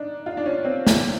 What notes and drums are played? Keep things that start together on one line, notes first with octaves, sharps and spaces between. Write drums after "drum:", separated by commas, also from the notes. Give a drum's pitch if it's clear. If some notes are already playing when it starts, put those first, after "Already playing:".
Already playing: D4 D#4
F4
D4
C#4
C4
drum: snare